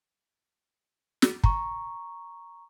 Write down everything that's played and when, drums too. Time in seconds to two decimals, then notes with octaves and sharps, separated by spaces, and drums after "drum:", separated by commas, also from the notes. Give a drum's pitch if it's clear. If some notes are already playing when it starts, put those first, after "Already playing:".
1.22 drum: snare
1.44 A#5 C#6, drum: kick